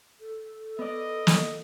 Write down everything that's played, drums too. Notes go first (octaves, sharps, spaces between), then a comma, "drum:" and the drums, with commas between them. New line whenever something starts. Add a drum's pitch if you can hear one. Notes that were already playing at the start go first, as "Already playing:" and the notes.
A4
B3 D5 D#5
drum: snare